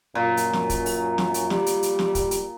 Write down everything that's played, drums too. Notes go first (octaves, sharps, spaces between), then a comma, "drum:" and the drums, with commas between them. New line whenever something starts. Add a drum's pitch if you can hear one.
F#2 A#2
drum: hi-hat
drum: snare
drum: kick, hi-hat
drum: open hi-hat
drum: snare
drum: hi-hat
G3, drum: snare
drum: hi-hat
drum: hi-hat
drum: snare
drum: kick, hi-hat
drum: hi-hat